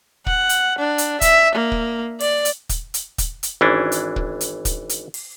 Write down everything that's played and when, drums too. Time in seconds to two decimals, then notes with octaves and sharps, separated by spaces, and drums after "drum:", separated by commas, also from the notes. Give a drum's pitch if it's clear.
0.26 F#5, drum: kick
0.49 drum: hi-hat
0.79 D4
0.98 drum: hi-hat
1.21 E5, drum: kick, hi-hat
1.55 A#3
1.72 drum: kick
2.20 D5, drum: open hi-hat
2.45 drum: hi-hat
2.69 drum: kick, hi-hat
2.94 drum: hi-hat
3.18 drum: kick, hi-hat
3.43 drum: hi-hat
3.61 G#1 E3 C#4 D4
3.92 drum: hi-hat
4.16 drum: kick
4.41 drum: hi-hat
4.65 drum: kick, hi-hat
4.89 drum: hi-hat
5.14 drum: open hi-hat